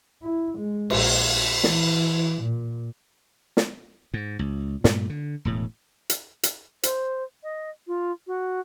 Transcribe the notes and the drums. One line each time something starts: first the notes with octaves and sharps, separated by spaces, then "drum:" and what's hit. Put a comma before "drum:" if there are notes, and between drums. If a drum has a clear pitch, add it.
E4
G#3
A#1, drum: cymbal
E3, drum: snare
A#2
drum: snare
G#2
C#2
G2 A#2 A3, drum: snare
D3
E1 A2
drum: hi-hat
drum: hi-hat
C5, drum: hi-hat
D#5
F4
F#4